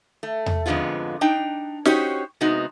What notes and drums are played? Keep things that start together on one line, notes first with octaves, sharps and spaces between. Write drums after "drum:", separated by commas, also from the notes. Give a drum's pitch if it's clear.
A3
drum: tom E2
F2 G#2 D3 G#3 B3 F4
D4 D#4 G5
C#4 D#4 F#4 G4 C5 C#5, drum: snare
C3 G#3 B3 D#4 F#4